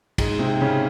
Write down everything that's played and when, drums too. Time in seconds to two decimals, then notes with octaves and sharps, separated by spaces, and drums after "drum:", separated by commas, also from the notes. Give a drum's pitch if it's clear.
0.18 G#2 G#3, drum: kick, cymbal
0.39 C3 C4
0.61 C#3 C#4